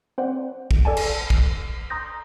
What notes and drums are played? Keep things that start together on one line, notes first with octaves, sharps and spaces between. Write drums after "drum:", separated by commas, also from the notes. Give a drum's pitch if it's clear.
C4 C5 D5 F#5
drum: kick
A4 D5 G#5 A5
drum: cymbal
drum: kick
A#5 C6 D#6 G6 A#6